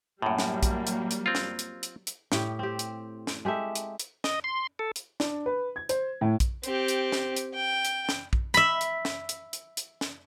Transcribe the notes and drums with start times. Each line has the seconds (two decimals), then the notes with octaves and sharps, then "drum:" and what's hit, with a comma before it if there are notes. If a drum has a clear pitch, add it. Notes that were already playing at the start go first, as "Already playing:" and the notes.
0.22 F#2 A2 F#3 G3 A#3
0.39 drum: snare
0.63 drum: kick A#1, hi-hat
0.87 drum: hi-hat
1.11 drum: hi-hat
1.26 C4 F4
1.35 drum: snare
1.59 drum: hi-hat
1.83 drum: hi-hat
2.07 drum: hi-hat
2.32 A2 G4, drum: snare
2.59 C4 G4
2.79 drum: hi-hat
3.27 drum: snare
3.45 G#3 G4 A4 E5
3.75 drum: hi-hat
4.00 drum: hi-hat
4.24 D#5, drum: snare
4.44 C6
4.79 A4
4.96 drum: hi-hat
5.20 D4, drum: snare
5.46 B4
5.76 G#6
5.89 C5, drum: hi-hat
6.21 A2
6.40 drum: kick A#1, hi-hat
6.63 C4 G4, drum: hi-hat
6.88 drum: hi-hat
7.12 drum: snare
7.36 drum: hi-hat
7.54 G5
7.85 drum: hi-hat
8.09 drum: snare
8.33 drum: kick A#1
8.54 E5 B5, drum: hi-hat
8.81 drum: hi-hat
9.05 drum: snare
9.29 drum: hi-hat
9.53 drum: hi-hat
9.77 drum: hi-hat
10.01 drum: snare